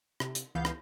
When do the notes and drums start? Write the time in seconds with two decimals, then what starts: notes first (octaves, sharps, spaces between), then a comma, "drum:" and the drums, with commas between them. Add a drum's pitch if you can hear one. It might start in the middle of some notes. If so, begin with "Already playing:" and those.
0.20 C3, drum: rim click
0.35 drum: hi-hat
0.55 C#2 E3 B3 F5 G6
0.65 drum: rim click